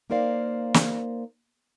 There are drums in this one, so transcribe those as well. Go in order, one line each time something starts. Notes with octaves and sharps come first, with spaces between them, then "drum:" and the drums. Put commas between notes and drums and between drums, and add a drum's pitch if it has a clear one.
A#3 D#4 A#4 C5 D5 F5
drum: snare